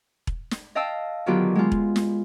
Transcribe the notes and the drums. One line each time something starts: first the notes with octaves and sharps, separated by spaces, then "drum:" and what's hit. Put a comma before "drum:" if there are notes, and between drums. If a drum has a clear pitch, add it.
drum: kick E1
drum: snare
D#5 F5 G5 A5 E6
D3 D#3 F#3 B3 F4 G4
G#3 B3 F4
drum: kick E1
drum: snare